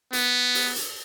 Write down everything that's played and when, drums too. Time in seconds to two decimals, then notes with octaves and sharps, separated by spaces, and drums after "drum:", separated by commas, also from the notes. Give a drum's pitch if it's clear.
0.13 B3, drum: hi-hat
0.55 drum: open hi-hat
0.76 drum: hi-hat